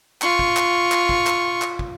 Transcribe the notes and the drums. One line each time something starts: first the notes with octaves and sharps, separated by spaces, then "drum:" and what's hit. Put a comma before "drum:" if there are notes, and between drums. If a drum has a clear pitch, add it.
F4 C#6, drum: clap
drum: kick
drum: clap
drum: clap
drum: kick
drum: clap
drum: clap
drum: kick